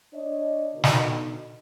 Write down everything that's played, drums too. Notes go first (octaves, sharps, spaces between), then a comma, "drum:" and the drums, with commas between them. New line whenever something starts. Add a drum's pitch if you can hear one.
D4 C#5 D#5
B2 D3 D#4
drum: snare